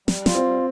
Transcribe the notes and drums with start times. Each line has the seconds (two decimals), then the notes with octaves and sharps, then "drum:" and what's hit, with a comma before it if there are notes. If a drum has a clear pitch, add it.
0.08 G3, drum: snare
0.26 F4, drum: snare
0.35 C4
0.45 G3